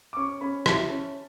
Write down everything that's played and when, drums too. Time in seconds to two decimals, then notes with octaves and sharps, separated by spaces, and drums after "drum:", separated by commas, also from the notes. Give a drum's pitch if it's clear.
0.13 D6
0.17 C#4 C#6
0.41 C#4 B5
0.66 E4 A5, drum: rim click
0.90 C#4